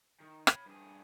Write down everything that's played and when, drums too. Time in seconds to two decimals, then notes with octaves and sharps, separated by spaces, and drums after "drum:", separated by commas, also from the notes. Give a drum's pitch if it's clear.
0.20 D#3
0.47 C#5 B5, drum: rim click
0.66 G2 G#4